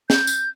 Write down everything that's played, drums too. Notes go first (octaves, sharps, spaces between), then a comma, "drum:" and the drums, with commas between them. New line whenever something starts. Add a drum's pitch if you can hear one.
G6, drum: snare
drum: tambourine